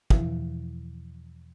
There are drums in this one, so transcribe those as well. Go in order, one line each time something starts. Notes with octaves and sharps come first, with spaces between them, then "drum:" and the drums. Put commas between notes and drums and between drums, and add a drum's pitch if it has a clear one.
E2 B2 E3 F3 E4, drum: kick